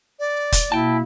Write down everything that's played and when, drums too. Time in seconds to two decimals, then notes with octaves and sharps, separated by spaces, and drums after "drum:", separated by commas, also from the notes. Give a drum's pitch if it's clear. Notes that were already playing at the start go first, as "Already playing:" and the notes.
0.19 D5
0.52 drum: kick, hi-hat
0.72 B2 A#3 E4 G5 A5